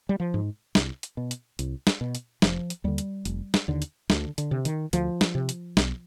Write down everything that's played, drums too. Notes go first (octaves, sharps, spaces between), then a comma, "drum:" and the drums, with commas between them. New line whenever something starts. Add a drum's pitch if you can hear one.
G3
F3
G#2
C2, drum: snare
drum: hi-hat
B2
drum: hi-hat
C2, drum: hi-hat
drum: snare
B2
drum: hi-hat
F1 F3, drum: snare
drum: hi-hat
D#2 D3 G3
drum: hi-hat
F1, drum: hi-hat
drum: snare
D#2 D3
drum: hi-hat
D2 D3, drum: snare
D3, drum: hi-hat
C3
D#3, drum: hi-hat
D2 F3, drum: hi-hat
drum: snare
C3
drum: hi-hat
B1, drum: snare